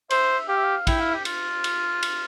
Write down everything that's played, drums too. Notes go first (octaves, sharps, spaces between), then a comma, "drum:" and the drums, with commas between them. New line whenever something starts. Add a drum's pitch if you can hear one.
C5 E5, drum: cymbal
G4 F5
E5
F5
E4 G5, drum: kick, cymbal
F5
G4
F4, drum: cymbal
drum: cymbal
drum: cymbal